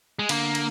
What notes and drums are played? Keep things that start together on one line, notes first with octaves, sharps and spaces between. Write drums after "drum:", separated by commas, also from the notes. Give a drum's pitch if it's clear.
G#3
D3 A#3, drum: cymbal
drum: cymbal